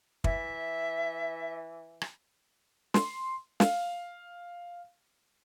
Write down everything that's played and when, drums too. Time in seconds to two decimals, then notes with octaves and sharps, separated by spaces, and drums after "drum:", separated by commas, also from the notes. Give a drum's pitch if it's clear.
0.24 E3 E5, drum: kick
2.01 drum: rim click
2.94 C6, drum: snare
3.60 F5, drum: snare